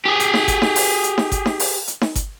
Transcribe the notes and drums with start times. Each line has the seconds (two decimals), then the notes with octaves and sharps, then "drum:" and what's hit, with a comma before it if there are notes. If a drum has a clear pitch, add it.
0.06 G4 G#4
0.20 drum: hi-hat
0.34 drum: snare D#4
0.48 drum: kick G1, hi-hat
0.62 drum: snare D#4
0.76 drum: open hi-hat
1.04 drum: hi-hat
1.18 drum: snare D#4
1.32 drum: kick G1, hi-hat
1.46 drum: snare D#4
1.60 drum: open hi-hat
1.88 drum: hi-hat
2.01 drum: snare D#4
2.15 drum: kick G1, hi-hat